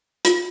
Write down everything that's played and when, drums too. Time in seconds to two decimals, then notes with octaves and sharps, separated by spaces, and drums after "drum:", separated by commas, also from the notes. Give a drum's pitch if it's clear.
0.25 F4, drum: hi-hat